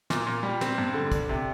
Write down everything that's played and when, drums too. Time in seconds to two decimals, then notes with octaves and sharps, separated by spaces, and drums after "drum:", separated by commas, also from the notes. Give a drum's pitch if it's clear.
0.10 A#2, drum: snare
0.27 A#2
0.43 G3
0.61 C4, drum: snare
0.78 G2
0.94 D3
1.12 D4, drum: kick, hi-hat
1.29 C3